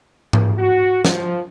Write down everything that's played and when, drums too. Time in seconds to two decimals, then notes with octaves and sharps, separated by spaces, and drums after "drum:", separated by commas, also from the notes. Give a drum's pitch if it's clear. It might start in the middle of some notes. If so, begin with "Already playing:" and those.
0.33 drum: tom G#2
0.59 F#4
1.05 F3, drum: snare